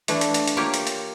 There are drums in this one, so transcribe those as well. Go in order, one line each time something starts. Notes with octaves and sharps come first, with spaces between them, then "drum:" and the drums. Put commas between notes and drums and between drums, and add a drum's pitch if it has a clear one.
E3 A3 D4, drum: hi-hat
drum: hi-hat
drum: hi-hat
drum: hi-hat
A#3 F4 G4 C#5
drum: hi-hat
drum: hi-hat